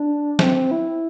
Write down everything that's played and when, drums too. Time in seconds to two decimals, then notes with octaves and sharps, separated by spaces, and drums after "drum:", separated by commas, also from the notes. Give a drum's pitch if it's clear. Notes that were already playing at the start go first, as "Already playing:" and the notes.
Already playing: D4
0.39 C4, drum: snare
0.55 C4
0.71 E4